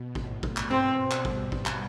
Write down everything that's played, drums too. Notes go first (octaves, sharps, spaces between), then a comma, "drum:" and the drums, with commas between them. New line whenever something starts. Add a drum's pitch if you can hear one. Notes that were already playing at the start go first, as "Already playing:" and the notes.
Already playing: B2
A2, drum: kick
drum: kick
drum: clap
B2 C4, drum: tom G2
drum: clap
G3, drum: kick
drum: kick
drum: clap